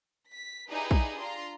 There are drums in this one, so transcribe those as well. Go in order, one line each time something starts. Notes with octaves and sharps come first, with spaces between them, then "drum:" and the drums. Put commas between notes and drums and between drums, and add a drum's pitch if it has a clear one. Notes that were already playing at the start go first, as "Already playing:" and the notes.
B6
D#4 E4 G4 G#4 B4 D5
drum: kick A#1
D4 F4 A#5 C6